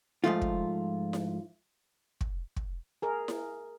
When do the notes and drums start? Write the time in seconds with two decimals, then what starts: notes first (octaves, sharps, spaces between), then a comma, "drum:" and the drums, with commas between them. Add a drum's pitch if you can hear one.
0.24 G#2 F3 A3 F4
0.42 drum: kick
1.13 drum: snare E4
2.21 drum: kick
2.56 drum: kick
3.02 G#4 A#4
3.28 drum: snare E4